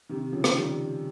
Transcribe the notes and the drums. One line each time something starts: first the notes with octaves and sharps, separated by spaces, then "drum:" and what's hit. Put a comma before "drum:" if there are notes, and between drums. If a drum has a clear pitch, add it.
C3 D#3
C#3 F3
drum: rim click
D#3 G3